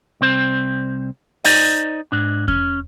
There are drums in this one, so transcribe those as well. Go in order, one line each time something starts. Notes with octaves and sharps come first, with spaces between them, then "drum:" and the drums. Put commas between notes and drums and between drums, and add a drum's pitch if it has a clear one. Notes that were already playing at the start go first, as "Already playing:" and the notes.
C2 C4 C5
D#4 C5 D5 D#5, drum: open hi-hat
G#2 D4
C#4, drum: kick E2